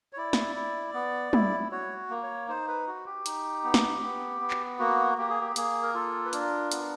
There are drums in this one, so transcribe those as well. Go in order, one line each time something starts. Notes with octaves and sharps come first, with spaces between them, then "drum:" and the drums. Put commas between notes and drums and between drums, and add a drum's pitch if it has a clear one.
C#5
E4 D5
drum: snare
E4
B3
E4, drum: tom
F#4 C#5
A#3
C#5
D#4 C5
B4
F#4
G4
D#4, drum: hi-hat
B3
drum: snare
B3
B3
drum: clap
A#3 F#4
A#3 G4
G#4
G4
A#3 G#4, drum: hi-hat
A#4
F4 A4
B4
D4 A#4, drum: hi-hat
B3, drum: hi-hat